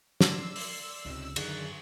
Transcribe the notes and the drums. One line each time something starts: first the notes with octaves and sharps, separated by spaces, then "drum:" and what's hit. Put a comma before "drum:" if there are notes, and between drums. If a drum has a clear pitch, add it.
D5 C6 E6, drum: snare
drum: open hi-hat
C#2 C3 C#4 D#4
F#2 D3 D#3 G#4 F#6 A6, drum: cymbal